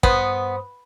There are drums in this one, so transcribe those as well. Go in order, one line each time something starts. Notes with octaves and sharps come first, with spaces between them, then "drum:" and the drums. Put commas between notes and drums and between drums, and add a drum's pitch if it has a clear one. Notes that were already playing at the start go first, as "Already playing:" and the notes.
G2 B3 C5 D#6, drum: kick